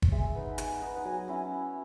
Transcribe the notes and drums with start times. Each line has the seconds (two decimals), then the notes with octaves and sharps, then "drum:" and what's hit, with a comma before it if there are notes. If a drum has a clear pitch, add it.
0.02 drum: kick
0.12 G#3 E5
0.35 B3 D#4
0.58 G#3 F#5, drum: hi-hat
0.82 B3 D#4
0.96 F#5
1.05 F#3 G#5
1.28 C#4 E4